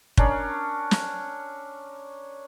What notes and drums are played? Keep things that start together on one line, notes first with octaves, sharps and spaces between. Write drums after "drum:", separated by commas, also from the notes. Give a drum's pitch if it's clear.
C#4 D4 A#4, drum: kick
drum: snare